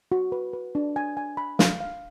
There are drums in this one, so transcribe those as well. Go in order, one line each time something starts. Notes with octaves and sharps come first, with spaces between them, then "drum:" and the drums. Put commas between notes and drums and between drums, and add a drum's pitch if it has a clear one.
F#4
B4
B4
D4
G#5
G#5
B5
F5, drum: snare
F5